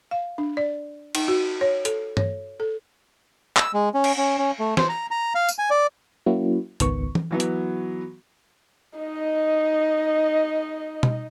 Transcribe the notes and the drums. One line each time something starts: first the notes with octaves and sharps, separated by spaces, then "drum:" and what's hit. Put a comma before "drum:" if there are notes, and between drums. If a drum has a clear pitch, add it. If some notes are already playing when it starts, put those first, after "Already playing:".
F5
D4
D5
D#4, drum: cymbal
F#4
C#5
A4, drum: hi-hat
C#5, drum: tom G2
A4
E6, drum: clap
G#3
C#4
drum: cymbal
C#4
C#4
A3
C5, drum: snare
A#5
A#5
F5
drum: tambourine
G#5
D5
F#3 A#3 C#4 E4 F#4
G#1 C#2 D#3 B3 C#6, drum: hi-hat
drum: tom
E3 F#3 B3
drum: hi-hat
D#4 D#5
drum: tom B2